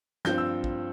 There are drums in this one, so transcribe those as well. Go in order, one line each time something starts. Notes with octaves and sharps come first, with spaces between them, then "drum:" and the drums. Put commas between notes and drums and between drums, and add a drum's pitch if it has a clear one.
G2 F3 C4 G6, drum: snare
E6
drum: kick